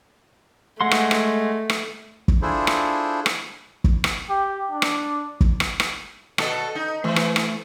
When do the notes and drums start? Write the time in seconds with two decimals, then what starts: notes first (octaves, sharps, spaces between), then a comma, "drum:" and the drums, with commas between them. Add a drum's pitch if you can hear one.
0.81 G#3 A3 F#5 C6
0.91 drum: rim click
1.11 drum: rim click
1.69 drum: rim click
2.28 drum: kick
2.42 D4 E4 F4 G#4 A4 C5
2.67 drum: rim click
3.26 drum: rim click
3.84 drum: kick
4.04 drum: rim click
4.30 G4
4.71 D4
4.82 drum: rim click
5.41 drum: kick
5.60 drum: rim click
5.80 drum: rim click
6.38 B2 A4 D#5, drum: rim click
6.75 D#4
7.04 E3 A3 C5
7.16 drum: rim click
7.36 drum: rim click